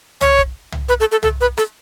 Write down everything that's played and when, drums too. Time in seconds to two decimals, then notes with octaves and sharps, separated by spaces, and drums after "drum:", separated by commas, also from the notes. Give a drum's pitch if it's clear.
0.21 C#5, drum: tom
0.38 drum: kick
0.72 drum: tom
0.89 B4
1.00 A4
1.12 A4
1.23 A4, drum: tom
1.41 B4
1.57 A4, drum: rim click